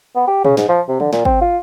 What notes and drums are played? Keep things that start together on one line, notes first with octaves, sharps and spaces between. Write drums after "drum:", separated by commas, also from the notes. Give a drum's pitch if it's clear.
B3
G4
C#3, drum: tom A#2
G#2, drum: snare
F3
C3
D3, drum: tom D#3
A#2, drum: snare
C4, drum: kick G#1
F4